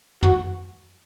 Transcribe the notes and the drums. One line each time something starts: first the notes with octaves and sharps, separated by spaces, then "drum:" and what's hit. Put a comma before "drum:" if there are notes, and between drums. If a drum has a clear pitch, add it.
F#4, drum: tom